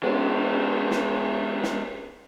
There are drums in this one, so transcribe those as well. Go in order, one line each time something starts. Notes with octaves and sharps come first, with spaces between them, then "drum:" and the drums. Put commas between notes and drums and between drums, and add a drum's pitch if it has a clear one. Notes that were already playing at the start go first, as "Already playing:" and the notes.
G#3 B3, drum: cymbal
drum: snare
drum: snare